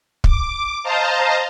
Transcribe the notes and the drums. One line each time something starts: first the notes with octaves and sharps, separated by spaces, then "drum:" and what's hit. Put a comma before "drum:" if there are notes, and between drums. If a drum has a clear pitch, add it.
D6, drum: kick
C5 D#5 F5 A5 A#5